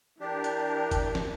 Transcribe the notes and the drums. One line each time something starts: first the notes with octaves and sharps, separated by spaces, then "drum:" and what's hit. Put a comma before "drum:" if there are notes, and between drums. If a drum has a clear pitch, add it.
E3 D4 G4 A#4
drum: hi-hat
drum: kick F#1, hi-hat
drum: snare